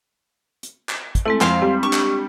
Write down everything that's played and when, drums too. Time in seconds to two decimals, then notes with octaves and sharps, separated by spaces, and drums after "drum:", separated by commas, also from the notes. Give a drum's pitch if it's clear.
0.63 drum: hi-hat
0.89 drum: clap
1.15 drum: kick, hi-hat
1.26 G#3 A3 C4 E4
1.41 F2 C5 F5, drum: clap
1.62 G3 C4
1.83 D4 C#6
1.93 drum: clap